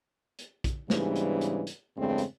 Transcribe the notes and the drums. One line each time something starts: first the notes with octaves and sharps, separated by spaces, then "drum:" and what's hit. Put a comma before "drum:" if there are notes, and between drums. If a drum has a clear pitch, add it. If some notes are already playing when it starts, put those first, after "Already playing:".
drum: hi-hat
drum: kick, hi-hat
G#2 C#3 E3 G3 B3 D4, drum: snare
drum: hi-hat
drum: hi-hat
drum: hi-hat
E2 G2 C#3 G#3 A3 C4
drum: hi-hat